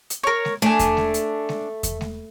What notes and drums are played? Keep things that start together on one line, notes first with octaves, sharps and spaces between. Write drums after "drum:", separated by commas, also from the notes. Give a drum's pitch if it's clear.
drum: hi-hat
A#4 C#5
drum: snare G#3
A3 D4 G#5
drum: kick E2, hi-hat
drum: snare G#3
drum: hi-hat
drum: snare G#3
drum: kick E2, hi-hat
drum: snare G#3